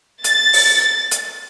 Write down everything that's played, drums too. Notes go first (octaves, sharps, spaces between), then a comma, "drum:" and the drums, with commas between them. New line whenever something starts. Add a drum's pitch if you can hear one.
A6, drum: hi-hat
drum: open hi-hat
drum: hi-hat